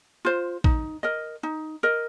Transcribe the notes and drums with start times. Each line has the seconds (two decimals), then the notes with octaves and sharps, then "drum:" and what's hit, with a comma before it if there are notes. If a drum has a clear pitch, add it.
0.25 F4 C5
0.64 D#4, drum: kick A1
1.03 A#4 D#5
1.43 D#4
1.83 A#4 D#5